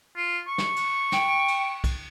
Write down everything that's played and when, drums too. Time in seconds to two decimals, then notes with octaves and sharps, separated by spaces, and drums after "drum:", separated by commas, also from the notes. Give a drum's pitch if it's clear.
0.16 F4
0.47 C#6
0.58 drum: snare
0.76 drum: cymbal
1.12 G5, drum: snare
1.48 drum: cymbal
1.84 drum: kick B1, cymbal